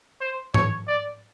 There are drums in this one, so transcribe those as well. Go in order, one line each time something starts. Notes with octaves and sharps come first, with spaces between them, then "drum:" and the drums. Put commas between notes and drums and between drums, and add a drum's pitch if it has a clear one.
C5
C#5, drum: tom G#2
D5